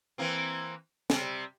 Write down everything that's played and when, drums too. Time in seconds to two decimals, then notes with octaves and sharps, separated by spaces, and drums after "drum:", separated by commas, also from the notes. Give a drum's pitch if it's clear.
0.18 E3 A#3 C4
1.10 C3 G3, drum: snare